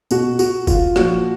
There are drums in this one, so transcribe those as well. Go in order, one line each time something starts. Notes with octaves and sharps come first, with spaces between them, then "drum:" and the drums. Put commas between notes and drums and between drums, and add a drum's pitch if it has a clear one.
B2 F#4, drum: tambourine
F#4, drum: tambourine
F4, drum: kick, tambourine
A#2 F3 F#4, drum: rim click